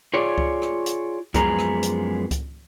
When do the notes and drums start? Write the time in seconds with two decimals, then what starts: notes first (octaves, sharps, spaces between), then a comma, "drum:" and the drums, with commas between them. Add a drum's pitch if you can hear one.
0.14 F4 G#4 C#5 D5
0.38 drum: kick C#2
0.62 drum: rim click
0.86 drum: hi-hat
1.34 F#2 F3 G#3 B3 G#4 A#5, drum: kick C#2, hi-hat
1.59 drum: rim click
1.83 drum: hi-hat
2.31 drum: kick C#2, hi-hat